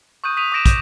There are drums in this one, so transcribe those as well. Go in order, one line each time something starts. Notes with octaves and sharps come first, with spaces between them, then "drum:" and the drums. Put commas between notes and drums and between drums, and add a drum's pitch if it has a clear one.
C#6 D#6 F#6 G6 D#7
D#6 B6 D#7 F7
D6 D#6 G6 A#6 D7 E7
G6, drum: kick, hi-hat